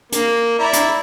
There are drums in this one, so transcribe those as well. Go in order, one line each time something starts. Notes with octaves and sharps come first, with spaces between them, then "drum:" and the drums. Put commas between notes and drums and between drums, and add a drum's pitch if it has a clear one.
A#3, drum: hi-hat
E4 D5 A#5
drum: hi-hat